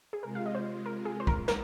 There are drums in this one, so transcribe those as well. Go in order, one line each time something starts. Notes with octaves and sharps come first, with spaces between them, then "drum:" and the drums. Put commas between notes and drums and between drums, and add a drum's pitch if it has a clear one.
G#4
C3 G#3 F4 A#4
F5
D#5
C5
A#4
G#4
C5
A#4, drum: kick
A#4, drum: snare